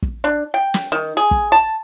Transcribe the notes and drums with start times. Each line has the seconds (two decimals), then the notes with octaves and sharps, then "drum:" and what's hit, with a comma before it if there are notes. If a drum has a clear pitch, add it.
0.02 drum: kick
0.24 D4
0.54 G5
0.74 drum: snare
0.92 D#3
1.17 G#4
1.31 drum: kick
1.52 A5